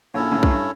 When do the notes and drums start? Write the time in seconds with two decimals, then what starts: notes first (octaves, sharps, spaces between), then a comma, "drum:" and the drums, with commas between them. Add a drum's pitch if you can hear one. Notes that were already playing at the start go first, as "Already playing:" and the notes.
0.14 A#1 A#2 C#4 E4 A4 C#5
0.32 A1 A2
0.43 F#2, drum: kick
0.50 G2